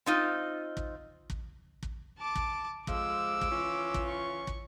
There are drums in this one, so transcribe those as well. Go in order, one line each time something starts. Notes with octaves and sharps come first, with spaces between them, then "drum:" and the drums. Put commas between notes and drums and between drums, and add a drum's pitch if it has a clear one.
C4 D#4 F4
drum: kick
drum: kick
drum: kick
A5 D6
drum: kick
F2 F3 G#3 D6 E6, drum: kick
drum: kick
E3 C#4 F4
drum: kick
C#6
drum: kick